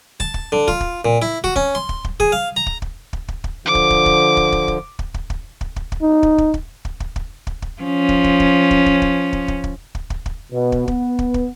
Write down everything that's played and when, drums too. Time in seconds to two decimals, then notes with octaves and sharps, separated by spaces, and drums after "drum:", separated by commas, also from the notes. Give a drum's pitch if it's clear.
0.20 A5, drum: kick
0.34 drum: kick
0.52 D3
0.68 F4, drum: kick
0.80 drum: kick
1.05 A#2
1.22 E4
1.44 F#4, drum: kick
1.56 C#4, drum: kick
1.75 C6
1.89 drum: kick
2.04 drum: kick
2.20 G#4, drum: kick
2.32 F5
2.57 A#5
2.66 drum: kick
2.82 drum: kick
3.13 drum: kick
3.28 drum: kick
3.44 drum: kick
3.66 D3 F3 D6
3.75 drum: kick
3.90 drum: kick
4.06 drum: kick
4.37 drum: kick
4.52 drum: kick
4.68 drum: kick
4.99 drum: kick
5.14 drum: kick
5.30 drum: kick
5.61 drum: kick
5.76 drum: kick
5.92 drum: kick
6.02 D#4
6.23 drum: kick
6.38 drum: kick
6.54 drum: kick
6.85 drum: kick
7.00 drum: kick
7.16 drum: kick
7.47 drum: kick
7.62 drum: kick
7.82 F3 C#4
8.09 drum: kick
8.24 drum: kick
8.40 drum: kick
8.71 drum: kick
8.86 drum: kick
9.02 drum: kick
9.33 drum: kick
9.48 drum: kick
9.64 drum: kick
9.95 drum: kick
10.10 drum: kick
10.26 drum: kick
10.53 B2
10.72 drum: kick
10.88 B3, drum: kick
11.19 drum: kick
11.34 drum: kick